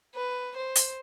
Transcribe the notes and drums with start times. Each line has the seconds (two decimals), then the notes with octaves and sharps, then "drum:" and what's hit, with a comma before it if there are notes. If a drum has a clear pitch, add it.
0.15 B4
0.56 C5
0.75 drum: hi-hat